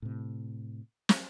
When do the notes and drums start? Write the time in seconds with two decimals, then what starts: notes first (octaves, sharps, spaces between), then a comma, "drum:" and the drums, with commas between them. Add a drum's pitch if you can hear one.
0.02 A2 C3
1.09 drum: snare